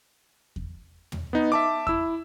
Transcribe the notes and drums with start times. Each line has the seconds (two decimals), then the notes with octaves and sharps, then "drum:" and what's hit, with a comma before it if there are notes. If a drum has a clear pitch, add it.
0.56 drum: kick E2
1.12 drum: tom
1.33 B3 D#4
1.52 E5 A5 D6
1.87 E4 E6, drum: kick E2